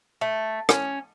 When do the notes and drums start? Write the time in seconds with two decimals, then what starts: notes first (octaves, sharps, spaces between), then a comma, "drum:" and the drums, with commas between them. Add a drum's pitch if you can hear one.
0.21 A3
0.69 C#4, drum: rim click